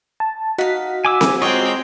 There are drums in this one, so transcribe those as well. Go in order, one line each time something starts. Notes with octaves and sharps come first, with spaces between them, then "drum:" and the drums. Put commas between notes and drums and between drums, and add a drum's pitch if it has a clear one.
A5
D#4 F#4 F5 F#5 B6
G#5 D6 E6
drum: snare C4
G#3 C4 F4 A#4 C#5 D#5 G5